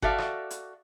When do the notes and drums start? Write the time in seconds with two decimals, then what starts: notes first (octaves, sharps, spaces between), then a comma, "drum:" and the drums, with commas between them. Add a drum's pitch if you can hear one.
0.02 F#4 A4 D5 E5 F5, drum: kick G1
0.18 drum: rim click
0.51 drum: hi-hat